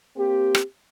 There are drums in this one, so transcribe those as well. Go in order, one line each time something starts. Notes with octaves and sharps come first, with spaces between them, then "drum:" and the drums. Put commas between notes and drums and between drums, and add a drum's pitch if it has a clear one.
A#3 C4 G4
drum: rim click